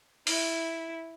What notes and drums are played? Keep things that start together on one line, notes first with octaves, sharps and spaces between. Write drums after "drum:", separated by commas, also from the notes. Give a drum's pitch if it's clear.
E4, drum: open hi-hat